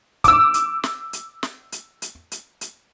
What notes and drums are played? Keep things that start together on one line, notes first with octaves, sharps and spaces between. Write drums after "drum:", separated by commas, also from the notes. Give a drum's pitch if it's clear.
D6 E6, drum: kick, hi-hat
drum: hi-hat
drum: snare
drum: hi-hat
drum: snare
drum: hi-hat
drum: hi-hat
drum: hi-hat
drum: hi-hat